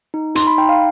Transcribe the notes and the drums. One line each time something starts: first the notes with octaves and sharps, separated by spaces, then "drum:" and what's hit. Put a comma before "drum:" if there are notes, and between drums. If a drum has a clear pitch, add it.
D#4
D#4 C6, drum: hi-hat
B5
D#4 G5
F5